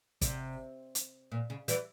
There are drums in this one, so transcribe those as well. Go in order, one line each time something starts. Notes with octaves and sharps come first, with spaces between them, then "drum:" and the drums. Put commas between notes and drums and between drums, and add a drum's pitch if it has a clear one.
C3, drum: kick, hi-hat
drum: hi-hat
A#2
C#3
E3 G3, drum: hi-hat